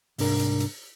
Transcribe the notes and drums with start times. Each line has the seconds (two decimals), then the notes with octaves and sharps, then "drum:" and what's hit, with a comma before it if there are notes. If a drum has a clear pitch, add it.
0.18 C2 G#2 D4 A#4, drum: open hi-hat
0.39 drum: hi-hat
0.60 drum: hi-hat